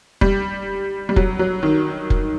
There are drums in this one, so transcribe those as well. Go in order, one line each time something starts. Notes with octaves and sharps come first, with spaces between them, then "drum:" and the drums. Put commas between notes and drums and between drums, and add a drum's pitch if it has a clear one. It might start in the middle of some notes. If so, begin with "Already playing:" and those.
G3, drum: kick F1
G3
F#3, drum: kick F1
F#3
D#3
drum: kick F1